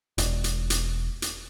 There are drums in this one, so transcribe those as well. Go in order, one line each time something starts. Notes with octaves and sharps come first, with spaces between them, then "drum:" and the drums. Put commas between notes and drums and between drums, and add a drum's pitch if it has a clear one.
E1, drum: hi-hat
drum: hi-hat
drum: hi-hat
drum: hi-hat